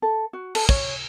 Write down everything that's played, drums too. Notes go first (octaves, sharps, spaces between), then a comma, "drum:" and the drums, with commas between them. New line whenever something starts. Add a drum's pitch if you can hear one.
A4
F#4
A4, drum: cymbal
C#5, drum: kick